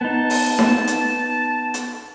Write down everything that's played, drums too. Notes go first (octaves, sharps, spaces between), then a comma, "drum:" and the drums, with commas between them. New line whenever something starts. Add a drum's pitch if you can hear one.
B3 D#4 A5
drum: open hi-hat
drum: snare D#4
drum: hi-hat
drum: hi-hat